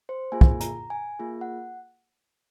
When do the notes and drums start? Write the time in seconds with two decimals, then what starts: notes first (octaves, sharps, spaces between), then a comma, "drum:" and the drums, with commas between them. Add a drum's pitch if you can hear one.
0.09 C5
0.32 A#3 F4 G#4 G#5
0.41 drum: kick
0.60 A#5, drum: hi-hat
0.90 G#5
1.19 A#3 F4 G#4
1.41 F#5